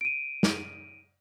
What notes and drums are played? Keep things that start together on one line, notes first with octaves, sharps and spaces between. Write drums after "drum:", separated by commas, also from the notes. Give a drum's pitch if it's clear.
D7 D#7
drum: snare